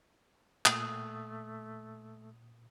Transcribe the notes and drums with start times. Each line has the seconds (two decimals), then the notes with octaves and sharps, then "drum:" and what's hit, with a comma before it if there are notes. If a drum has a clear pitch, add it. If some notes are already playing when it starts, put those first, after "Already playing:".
0.66 A#2 A3 D#6, drum: clap